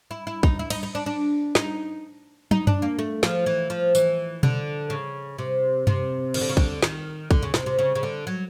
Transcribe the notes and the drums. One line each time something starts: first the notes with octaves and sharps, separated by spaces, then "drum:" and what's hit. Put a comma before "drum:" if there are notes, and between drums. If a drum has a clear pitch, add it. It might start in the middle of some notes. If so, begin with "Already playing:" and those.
E4
E4
D#4, drum: kick
E4
D#4, drum: cymbal
D#4
D4
D4
D#4, drum: snare
D#4, drum: tom
D4, drum: tom F#2
A#3
A3
F3, drum: snare
E3
F3
E3, drum: tambourine
D3, drum: tom B2
C#3
C3
C3, drum: tom F#2
D#3, drum: cymbal
D3
C#3
D3, drum: kick
D#3, drum: snare
D3, drum: kick
C#3
C3, drum: snare
C3
C#3
C#3
D3
F#3